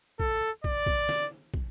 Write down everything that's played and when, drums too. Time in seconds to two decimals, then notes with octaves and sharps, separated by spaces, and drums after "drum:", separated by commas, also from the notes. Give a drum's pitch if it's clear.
0.20 A4, drum: kick
0.64 D5, drum: kick
0.86 drum: kick
1.09 drum: snare
1.54 drum: kick